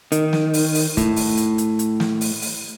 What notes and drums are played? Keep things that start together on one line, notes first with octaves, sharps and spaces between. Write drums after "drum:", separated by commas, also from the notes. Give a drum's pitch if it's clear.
D#3, drum: hi-hat
drum: snare
drum: open hi-hat
drum: open hi-hat
A2, drum: kick, hi-hat
drum: open hi-hat
drum: hi-hat
drum: hi-hat
drum: hi-hat
drum: snare
drum: open hi-hat
drum: open hi-hat